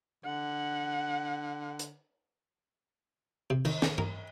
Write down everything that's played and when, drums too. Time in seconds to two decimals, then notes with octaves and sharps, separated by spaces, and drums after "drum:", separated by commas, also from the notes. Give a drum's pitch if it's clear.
0.25 D3 F#5
1.79 drum: hi-hat
3.50 C3
3.65 D#3, drum: cymbal
3.82 D#3, drum: snare
3.98 A#4, drum: tom G2